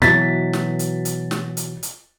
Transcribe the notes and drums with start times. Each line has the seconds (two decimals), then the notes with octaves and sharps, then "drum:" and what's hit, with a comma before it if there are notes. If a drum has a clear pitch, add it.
0.02 B2 E3 F#3 A6 B6, drum: snare
0.53 drum: snare
0.79 drum: hi-hat
1.05 drum: hi-hat
1.31 drum: snare
1.57 drum: hi-hat
1.83 drum: hi-hat